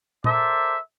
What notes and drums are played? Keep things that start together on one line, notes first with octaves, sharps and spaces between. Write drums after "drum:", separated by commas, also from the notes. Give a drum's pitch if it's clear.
A4 A#4 C5 D5 E5, drum: tom A#2